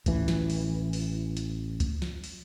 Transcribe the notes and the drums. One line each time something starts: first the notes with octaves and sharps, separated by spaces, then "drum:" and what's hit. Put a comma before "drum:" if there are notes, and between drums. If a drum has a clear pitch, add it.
A1 E3, drum: kick C#2, hi-hat
drum: snare
drum: open hi-hat
drum: open hi-hat
drum: hi-hat
drum: kick C#2, hi-hat
drum: snare
drum: open hi-hat